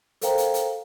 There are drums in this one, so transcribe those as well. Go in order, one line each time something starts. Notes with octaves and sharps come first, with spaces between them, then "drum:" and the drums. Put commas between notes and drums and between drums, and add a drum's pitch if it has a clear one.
A4 A#4 C5 F5 G5 A#5, drum: hi-hat
drum: hi-hat
drum: hi-hat